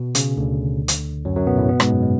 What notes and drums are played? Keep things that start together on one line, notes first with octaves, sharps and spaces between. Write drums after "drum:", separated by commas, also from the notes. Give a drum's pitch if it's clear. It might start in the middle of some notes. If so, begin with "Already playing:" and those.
Already playing: B2
C#3, drum: hi-hat
D2 D3
drum: hi-hat
F#2 F#3
F#2 F#3
B2 B3
A2 A3
B2 B3
G#2 G#3, drum: rim click
F#2 F#3
G#3